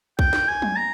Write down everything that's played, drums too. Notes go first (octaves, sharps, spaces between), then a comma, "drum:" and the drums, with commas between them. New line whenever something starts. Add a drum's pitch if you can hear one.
G5, drum: kick B1
drum: snare
G#5
drum: tom F#3
A#5